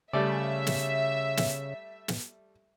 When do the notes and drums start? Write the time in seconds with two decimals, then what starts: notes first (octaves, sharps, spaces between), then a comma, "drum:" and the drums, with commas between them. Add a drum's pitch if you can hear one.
0.13 C#3 G3 A3 D5 E5
0.67 drum: snare
1.37 drum: snare
2.08 drum: snare